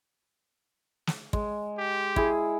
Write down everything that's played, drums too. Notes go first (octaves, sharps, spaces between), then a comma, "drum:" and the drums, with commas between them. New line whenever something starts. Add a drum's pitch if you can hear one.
drum: snare
G#3, drum: kick
G4
E4 G#4, drum: kick